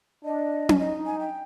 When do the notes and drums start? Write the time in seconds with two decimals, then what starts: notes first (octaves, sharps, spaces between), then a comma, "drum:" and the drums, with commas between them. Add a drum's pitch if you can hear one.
0.25 D4 D#5
0.69 drum: tom C#4
0.79 D#4 D#5
1.06 G#5
1.20 G5